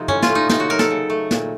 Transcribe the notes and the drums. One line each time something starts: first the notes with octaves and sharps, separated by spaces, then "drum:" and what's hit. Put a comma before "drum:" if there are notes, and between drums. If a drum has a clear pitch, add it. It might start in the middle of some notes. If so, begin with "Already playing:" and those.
Already playing: C3 F3 A3 D#4
A2 C#4, drum: tom
F4, drum: snare
A3
D#4
C3 D#4, drum: snare
F#4
F#3 A#4
A4, drum: snare
C#3
A3
A#2, drum: snare